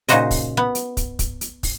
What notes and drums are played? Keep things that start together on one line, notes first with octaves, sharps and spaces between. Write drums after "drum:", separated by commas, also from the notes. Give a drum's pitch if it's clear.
A#2 C#3 D#4 F#4 C5 D#5, drum: hi-hat
drum: kick, open hi-hat
B3
drum: hi-hat
drum: kick, hi-hat
drum: kick, hi-hat
drum: hi-hat
drum: kick, open hi-hat